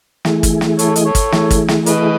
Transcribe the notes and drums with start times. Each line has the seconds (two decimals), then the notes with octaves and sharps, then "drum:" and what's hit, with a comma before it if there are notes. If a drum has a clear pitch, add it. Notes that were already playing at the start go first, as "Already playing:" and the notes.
0.25 E3 A3 E4 G#4, drum: snare
0.43 drum: kick G#1, hi-hat
0.61 drum: snare
0.79 A4 C#5, drum: hi-hat
0.96 D#5, drum: hi-hat
1.06 A4 C#5
1.15 drum: kick G#1, hi-hat
1.32 E3 A3 E4 G#4, drum: snare
1.51 drum: kick G#1, hi-hat
1.68 drum: snare
1.86 B4 D#5, drum: hi-hat